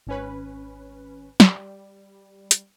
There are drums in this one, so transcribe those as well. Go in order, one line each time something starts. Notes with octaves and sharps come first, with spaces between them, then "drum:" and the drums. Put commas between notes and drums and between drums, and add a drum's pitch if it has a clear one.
G#1 C#4 B4
G3, drum: snare
drum: hi-hat